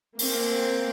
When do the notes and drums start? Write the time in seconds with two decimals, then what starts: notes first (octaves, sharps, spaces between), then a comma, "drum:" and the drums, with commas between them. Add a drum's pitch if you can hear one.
0.19 A#3 C4, drum: open hi-hat